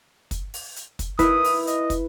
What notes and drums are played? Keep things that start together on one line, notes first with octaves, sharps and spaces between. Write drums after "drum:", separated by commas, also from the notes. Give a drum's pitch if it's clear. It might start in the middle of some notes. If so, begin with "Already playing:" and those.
drum: kick, hi-hat
drum: open hi-hat
drum: hi-hat
drum: kick, hi-hat
E4 B4 D#6, drum: kick, hi-hat
drum: open hi-hat
D#5, drum: hi-hat
drum: kick, hi-hat